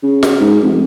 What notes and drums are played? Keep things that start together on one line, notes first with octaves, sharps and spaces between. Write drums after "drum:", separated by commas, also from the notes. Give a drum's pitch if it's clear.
C#3
drum: snare
G#2
F1